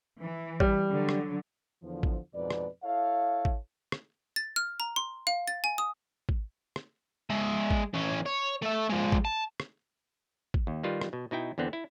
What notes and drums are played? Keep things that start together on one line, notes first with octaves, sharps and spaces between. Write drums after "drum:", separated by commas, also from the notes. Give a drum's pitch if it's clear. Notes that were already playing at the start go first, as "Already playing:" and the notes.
E3
G3, drum: kick G#1
D3 F#3
drum: rim click
E2 D3 F3
drum: kick G#1
F2 G#2 B2 B4 D5
drum: rim click
E4 A4 C#5 E5 F5
drum: kick G#1
drum: rim click
A6
F6
A#5
C6
F5
A6
G#5
D#6
drum: kick G#1
drum: rim click
G#3 E5
drum: kick G#1
E3 C#4
C#5
A3 E5
F3 G#3
drum: kick G#1
A5
drum: rim click
drum: kick G#1
D#2
D#3 G3 F4 B4
drum: rim click
B2
B2 D#4 E4 G5
E2 D3 B3 C4
E4